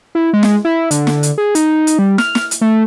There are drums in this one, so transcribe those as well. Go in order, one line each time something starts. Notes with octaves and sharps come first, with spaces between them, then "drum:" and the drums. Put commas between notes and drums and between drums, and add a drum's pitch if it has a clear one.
E4
G#3
drum: snare
E4
D3, drum: hi-hat
drum: snare
drum: hi-hat
G#4
D#4, drum: hi-hat
drum: hi-hat
G3
F6, drum: snare
drum: snare
drum: hi-hat
A3